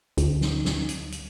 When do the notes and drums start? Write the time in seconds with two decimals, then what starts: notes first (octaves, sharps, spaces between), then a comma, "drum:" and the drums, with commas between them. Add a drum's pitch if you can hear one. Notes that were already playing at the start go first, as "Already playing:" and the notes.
0.17 D2, drum: hi-hat
0.41 drum: snare
0.65 drum: snare
0.89 drum: hi-hat
1.12 drum: hi-hat